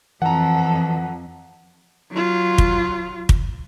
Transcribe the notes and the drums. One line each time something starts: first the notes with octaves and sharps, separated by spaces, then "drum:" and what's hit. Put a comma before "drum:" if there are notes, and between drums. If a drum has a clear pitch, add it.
F2 E3 A4 F#5 A#5
F#3 F4
drum: kick
drum: kick